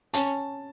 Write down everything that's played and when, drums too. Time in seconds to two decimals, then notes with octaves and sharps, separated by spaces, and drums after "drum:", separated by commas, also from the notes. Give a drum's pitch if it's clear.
0.14 C#4 A5, drum: hi-hat